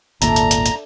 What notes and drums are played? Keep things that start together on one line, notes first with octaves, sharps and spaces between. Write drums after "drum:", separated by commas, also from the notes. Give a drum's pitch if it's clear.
G#1 D#2 A#2 D4 A4 E5 A#5, drum: hi-hat
drum: hi-hat
drum: hi-hat
drum: hi-hat